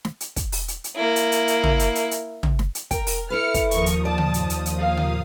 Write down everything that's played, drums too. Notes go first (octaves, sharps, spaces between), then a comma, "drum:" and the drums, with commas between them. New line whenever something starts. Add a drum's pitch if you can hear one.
drum: snare
drum: hi-hat
drum: kick, hi-hat
drum: open hi-hat
drum: hi-hat
drum: hi-hat
A#3 E4
drum: hi-hat
drum: hi-hat
drum: hi-hat
drum: tom
drum: hi-hat
drum: hi-hat
drum: hi-hat
drum: tom
drum: snare
drum: hi-hat
A#4 G5, drum: kick, hi-hat
drum: open hi-hat
E4 A4 B4 F6 C#7
drum: kick, hi-hat
D#2 F3 A#4 C#6 D#6, drum: hi-hat
drum: hi-hat
D5 A5
drum: tom
drum: hi-hat
drum: hi-hat
drum: hi-hat
A#3 F5
drum: tom